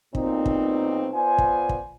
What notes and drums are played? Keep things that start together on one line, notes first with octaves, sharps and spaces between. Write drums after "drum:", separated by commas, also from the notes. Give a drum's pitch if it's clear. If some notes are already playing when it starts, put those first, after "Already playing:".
B1 A#2 C4 D#4, drum: kick
drum: kick
B3 F4 C5 D5 G#5
drum: kick
drum: kick